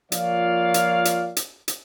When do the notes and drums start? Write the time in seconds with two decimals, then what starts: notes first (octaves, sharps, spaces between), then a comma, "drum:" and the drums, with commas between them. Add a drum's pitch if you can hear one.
0.12 F3 A#3 F4 C#5 D5 F5, drum: hi-hat
0.74 drum: hi-hat
1.05 drum: hi-hat
1.36 drum: hi-hat
1.68 drum: hi-hat